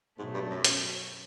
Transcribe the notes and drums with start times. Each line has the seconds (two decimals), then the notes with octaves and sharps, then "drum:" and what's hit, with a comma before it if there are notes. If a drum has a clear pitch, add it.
0.18 G#2 B2 F#3 A3
0.34 G2
0.50 F#2
0.64 drum: hi-hat